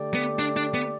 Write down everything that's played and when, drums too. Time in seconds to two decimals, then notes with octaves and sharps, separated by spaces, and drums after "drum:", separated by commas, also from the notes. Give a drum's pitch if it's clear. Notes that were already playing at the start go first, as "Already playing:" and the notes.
Already playing: D3 A3 G4 D5
0.14 B3
0.39 D4, drum: hi-hat
0.57 D4
0.74 B3